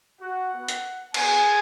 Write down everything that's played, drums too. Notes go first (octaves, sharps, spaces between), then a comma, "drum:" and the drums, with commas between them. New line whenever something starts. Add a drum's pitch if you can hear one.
F#4 F#5
B3 F#4
drum: hi-hat
B3 F#4 G#4 G#5, drum: cymbal